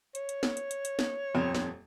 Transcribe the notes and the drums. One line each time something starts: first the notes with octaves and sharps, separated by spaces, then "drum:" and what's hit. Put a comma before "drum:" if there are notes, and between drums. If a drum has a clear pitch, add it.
C#5, drum: hi-hat
drum: hi-hat
drum: snare
drum: hi-hat
drum: hi-hat
drum: hi-hat
drum: snare
D#1 F2 C4
drum: snare